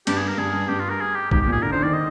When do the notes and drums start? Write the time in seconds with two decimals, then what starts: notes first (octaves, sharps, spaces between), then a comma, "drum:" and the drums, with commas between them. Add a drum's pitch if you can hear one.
0.07 G2 G4, drum: cymbal
0.18 G#4
0.28 A#4
0.38 G2 G#4
0.53 G2
0.69 G2 G4
0.80 F4
0.90 A#4
1.00 G#4
1.16 G4
1.31 G#2 G4, drum: kick
1.41 G4
1.47 A#2
1.52 G#4
1.62 D3 A#4
1.72 D3 C5
1.83 D#3 D5
1.93 D#5